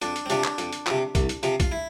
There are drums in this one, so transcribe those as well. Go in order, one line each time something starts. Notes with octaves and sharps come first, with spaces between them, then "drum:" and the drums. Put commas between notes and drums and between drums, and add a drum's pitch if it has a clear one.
F2 D4, drum: hi-hat
drum: hi-hat
C4
C3 F3 D4, drum: hi-hat
drum: clap
F2, drum: hi-hat
drum: hi-hat
C3 F3, drum: clap
C2, drum: kick A#1, hi-hat
drum: hi-hat
C3 F3, drum: hi-hat
F4, drum: kick A#1, hi-hat
E4